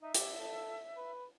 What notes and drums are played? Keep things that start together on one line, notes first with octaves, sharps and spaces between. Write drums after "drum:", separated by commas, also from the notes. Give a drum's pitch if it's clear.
D#4 E5
G4, drum: hi-hat
A4
B4